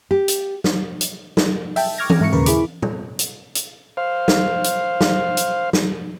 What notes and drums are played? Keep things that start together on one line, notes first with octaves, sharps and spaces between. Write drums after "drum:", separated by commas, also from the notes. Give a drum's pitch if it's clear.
G4
drum: hi-hat
drum: snare
drum: hi-hat
drum: snare
E5 G5 A5, drum: open hi-hat
C#6 D6 F6 G#6 A#6
drum: tom E3
G#2 E5 A#5 C#6 C#7
D#2 A#2 C#3 A#4 B4 C#6
E4 G#4 B5 D6, drum: hi-hat
drum: tom A#2
drum: hi-hat
drum: hi-hat
C5 F5
drum: snare
drum: hi-hat
drum: snare
drum: hi-hat
drum: snare